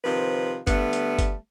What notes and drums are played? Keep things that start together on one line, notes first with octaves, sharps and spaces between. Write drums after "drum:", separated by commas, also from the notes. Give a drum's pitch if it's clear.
C3 D#3 F3 B4
D3 G3 A3 B3, drum: kick G1, hi-hat
drum: hi-hat
drum: kick G1, hi-hat